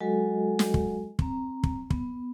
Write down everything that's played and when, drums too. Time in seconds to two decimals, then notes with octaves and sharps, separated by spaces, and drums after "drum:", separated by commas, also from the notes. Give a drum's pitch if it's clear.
0.01 F#3 G#3 F#4 A4 D#5 G#5
0.59 drum: snare
0.74 drum: kick
1.19 C4 A#5, drum: kick
1.63 drum: kick
1.90 B3, drum: kick